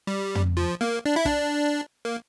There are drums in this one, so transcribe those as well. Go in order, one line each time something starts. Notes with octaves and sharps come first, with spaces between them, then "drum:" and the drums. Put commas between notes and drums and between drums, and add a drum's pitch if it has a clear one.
G3
drum: tom
F3
A#3, drum: snare
D4
E4
D4, drum: kick
A#3